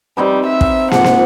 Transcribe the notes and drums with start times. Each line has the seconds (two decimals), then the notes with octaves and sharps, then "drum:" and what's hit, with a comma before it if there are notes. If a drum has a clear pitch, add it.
0.17 G3 C4 D#4 B4
0.46 E5
0.61 drum: kick
0.91 G#2 F3 F#5 D6, drum: snare
1.04 drum: snare